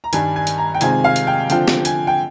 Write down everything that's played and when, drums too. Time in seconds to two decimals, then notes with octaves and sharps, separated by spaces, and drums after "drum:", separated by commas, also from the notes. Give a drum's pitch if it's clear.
0.04 A#5
0.13 G2 D#3 G3 D4 G#5, drum: hi-hat
0.36 G#5
0.47 drum: hi-hat
0.58 A#5
0.74 G5
0.81 C3 D#3 G#3 C4 F4 G#5, drum: hi-hat
1.04 F5
1.16 drum: hi-hat
1.27 G5
1.50 D3 F3 C4 F4 G5, drum: hi-hat
1.68 drum: snare
1.85 G#5, drum: hi-hat
2.07 G5